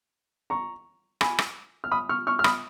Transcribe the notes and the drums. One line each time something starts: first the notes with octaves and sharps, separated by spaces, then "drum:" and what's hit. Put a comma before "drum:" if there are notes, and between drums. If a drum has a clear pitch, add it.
A#5 C#6
G#5 B5, drum: rim click
drum: rim click
F6
B5 D#6
C#6 F6
C#6 F6
F6
B5 D#6, drum: rim click